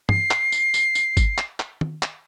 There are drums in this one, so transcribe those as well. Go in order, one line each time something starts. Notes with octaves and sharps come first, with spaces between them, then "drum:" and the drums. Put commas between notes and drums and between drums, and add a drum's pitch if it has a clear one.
C7, drum: tom
drum: clap
drum: tambourine
drum: tambourine
drum: tambourine
drum: kick, tambourine
drum: clap
drum: clap
drum: tom
drum: clap